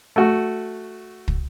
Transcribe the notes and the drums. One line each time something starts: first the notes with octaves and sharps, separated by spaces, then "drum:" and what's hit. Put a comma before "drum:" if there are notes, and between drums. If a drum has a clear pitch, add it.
A3 F#4
drum: kick